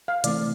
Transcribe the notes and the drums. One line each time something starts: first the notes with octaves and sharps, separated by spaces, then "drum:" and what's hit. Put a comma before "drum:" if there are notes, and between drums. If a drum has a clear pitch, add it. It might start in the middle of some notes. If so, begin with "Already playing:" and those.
F5
C3 E3 A3 C4 D5, drum: hi-hat